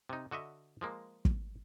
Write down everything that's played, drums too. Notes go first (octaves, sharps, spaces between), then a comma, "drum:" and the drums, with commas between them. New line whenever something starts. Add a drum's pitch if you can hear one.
C3 D#4
D3 F#4 D#5 E5
F3 G#3 A#3
drum: kick